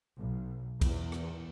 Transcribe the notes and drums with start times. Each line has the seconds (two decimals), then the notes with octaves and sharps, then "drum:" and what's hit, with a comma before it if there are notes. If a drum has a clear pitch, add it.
0.17 B1
0.81 E2, drum: kick B1, cymbal
1.12 drum: rim click